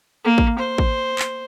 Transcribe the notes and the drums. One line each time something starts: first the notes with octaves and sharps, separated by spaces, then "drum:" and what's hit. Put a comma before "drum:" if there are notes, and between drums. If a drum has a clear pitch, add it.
A#3
drum: kick
C5
drum: kick
drum: clap